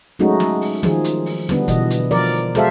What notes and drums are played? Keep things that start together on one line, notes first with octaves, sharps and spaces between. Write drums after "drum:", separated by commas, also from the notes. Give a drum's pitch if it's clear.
F#3 G#3 A3 C#4 D#4 F#4
drum: snare
drum: open hi-hat
D#3 F3 G#4, drum: snare
drum: hi-hat
drum: open hi-hat
D3 G3 B3 D4, drum: snare
B2 E3 D#5, drum: kick, hi-hat
drum: hi-hat
F3 A#4 D5, drum: open hi-hat
G#3 F#4 A4 C5 E5 F5, drum: snare